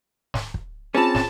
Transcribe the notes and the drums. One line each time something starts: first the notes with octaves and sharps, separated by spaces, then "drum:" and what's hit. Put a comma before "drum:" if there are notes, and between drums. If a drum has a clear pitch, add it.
drum: snare
drum: kick
C4 C#4 F4 G#4 A5
drum: snare